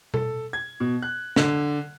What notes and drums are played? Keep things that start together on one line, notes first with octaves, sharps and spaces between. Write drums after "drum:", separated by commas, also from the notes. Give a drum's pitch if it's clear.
A4, drum: tom B2
G#6
B2
F#6
D3, drum: snare